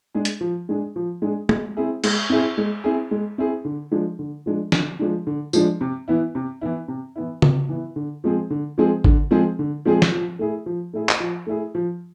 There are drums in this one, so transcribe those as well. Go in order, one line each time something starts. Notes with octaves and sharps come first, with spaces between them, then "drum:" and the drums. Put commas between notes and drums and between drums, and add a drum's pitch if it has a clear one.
G#3 D4 G#4
drum: hi-hat
F3
G#3 D4 G#4
F3
G#3 D4 G#4
G#3, drum: tom
C4 E4 G#4
G#3, drum: cymbal
C4 E4 G#4
G#3
C4 E4 G#4
G#3
C4 E4 G#4
D3
F3 G#3 D4
D3
F3 G#3 D4
D3, drum: snare
F3 G#3 D4
D3
F3 G#3 D4, drum: tambourine
C3
E3 B3 E4
C3
E3 B3 E4
C3
E3 B3 E4
C3, drum: tom C#3
E3 B3 E4
D3
F3 G#3 C4 G#4
D3
F3 G#3 C4 G#4
D3, drum: kick G#1
F3 G#3 C4 G#4
D3
F3 G#3 C4 G#4
drum: snare
F3
A3 E4 G#4
F3
A3 E4 G#4
drum: clap
F3
A3 E4 G#4
F3